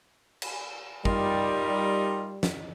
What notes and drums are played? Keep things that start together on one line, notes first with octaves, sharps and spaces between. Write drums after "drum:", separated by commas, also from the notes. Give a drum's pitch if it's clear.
drum: cymbal
G3 D#4 F4 A#4, drum: kick
drum: snare